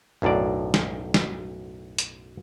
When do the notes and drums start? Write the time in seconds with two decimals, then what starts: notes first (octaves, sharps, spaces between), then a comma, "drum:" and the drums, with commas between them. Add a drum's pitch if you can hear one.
0.22 B1 F#2 A2 D4 D5
0.74 drum: snare
1.14 drum: snare
1.98 drum: hi-hat